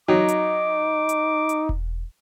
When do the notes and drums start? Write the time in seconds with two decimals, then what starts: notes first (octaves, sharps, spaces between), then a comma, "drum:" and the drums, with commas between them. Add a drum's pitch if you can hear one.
0.08 F#3 D#4 D6
0.28 drum: hi-hat
1.09 drum: hi-hat
1.49 drum: hi-hat
1.69 drum: kick E1